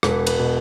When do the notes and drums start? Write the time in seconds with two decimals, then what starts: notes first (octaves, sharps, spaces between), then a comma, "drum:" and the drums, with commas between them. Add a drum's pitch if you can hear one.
0.03 E1 B4, drum: rim click
0.27 B4, drum: cymbal
0.39 B2